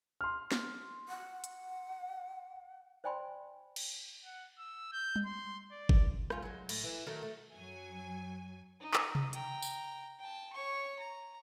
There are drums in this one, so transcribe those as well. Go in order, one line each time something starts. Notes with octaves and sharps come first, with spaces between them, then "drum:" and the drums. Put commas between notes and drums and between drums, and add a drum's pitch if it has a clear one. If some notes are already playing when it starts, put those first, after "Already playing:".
C6 F6
drum: snare
F#5
drum: hi-hat
C5 D5 G5 G#5 B5 C6
drum: cymbal
F#5
E6
G6
drum: tom G3
C6
D5
drum: kick G1
G#2 C#4 F4, drum: rim click
F#3 G#3
A2, drum: cymbal
E3
D#3 F#3 A3
A3
F#2 F#3 G#5
D#4
drum: clap D#6
drum: tom C3
G5 A#5, drum: hi-hat
drum: tambourine
G5 A5
C#5 C#6
A#5